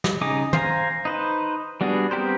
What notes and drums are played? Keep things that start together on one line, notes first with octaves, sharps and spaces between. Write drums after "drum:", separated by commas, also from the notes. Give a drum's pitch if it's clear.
drum: snare
C#3 D#4 D#5 G#5 D6
C5 F5 G#5 A#5, drum: tom
D#4 B4 C5
G3 B3 D4 F#4 G#4
B3 C4 G4 A#4 C5